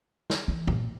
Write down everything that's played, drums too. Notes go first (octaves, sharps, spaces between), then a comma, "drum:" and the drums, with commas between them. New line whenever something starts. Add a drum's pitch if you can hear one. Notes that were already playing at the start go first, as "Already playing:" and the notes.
drum: snare
E3
A#2, drum: tom G2